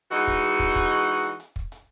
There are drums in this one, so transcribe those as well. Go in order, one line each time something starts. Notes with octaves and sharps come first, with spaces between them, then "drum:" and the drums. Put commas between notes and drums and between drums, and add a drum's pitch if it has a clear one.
E3 G#3 D#4 F#4, drum: hi-hat
drum: kick, hi-hat
drum: hi-hat
drum: kick, hi-hat
drum: kick, hi-hat
drum: hi-hat
drum: hi-hat
drum: hi-hat
drum: hi-hat
drum: kick
drum: hi-hat